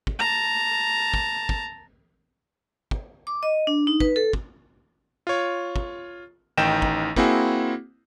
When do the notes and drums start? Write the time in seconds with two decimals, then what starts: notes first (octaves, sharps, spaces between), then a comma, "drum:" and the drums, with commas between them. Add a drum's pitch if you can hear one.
0.07 drum: kick
0.19 A5 A#5
1.14 drum: kick
1.49 drum: kick
2.91 drum: kick
3.27 D6
3.43 D#5
3.67 D4
3.87 D#4
4.00 B4, drum: kick
4.16 A4
4.33 drum: kick
5.27 F4 C#5
5.76 drum: kick
6.57 A1 D#3 D#4 G5 E7
6.82 drum: kick
7.16 A#3 C4 E4 F#4 G#4, drum: kick